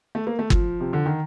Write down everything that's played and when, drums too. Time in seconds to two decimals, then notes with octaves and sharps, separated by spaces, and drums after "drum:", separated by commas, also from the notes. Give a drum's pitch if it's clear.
0.15 A3
0.27 A#3
0.39 A3
0.50 F3, drum: kick G1
0.80 C3
0.93 D3
1.06 D#3